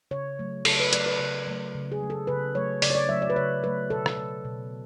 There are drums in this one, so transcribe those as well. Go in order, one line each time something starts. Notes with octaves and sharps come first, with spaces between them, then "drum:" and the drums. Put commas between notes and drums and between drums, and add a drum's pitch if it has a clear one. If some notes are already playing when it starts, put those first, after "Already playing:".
C#3 C#5
F#3 A3
C#3 A4, drum: cymbal
B4
F#3 A3 D5, drum: hi-hat
B4
C#3
F#3 A3
C#3
G#4
F#3 A3
A4
C#3 B4
F#3 A3 C#5
C#3 D5, drum: open hi-hat
C#5
D5
F#3 A3 E5
D5
B4
C#3 C#5
F#3 A3 B4
B2 A4
drum: rim click
A3
B2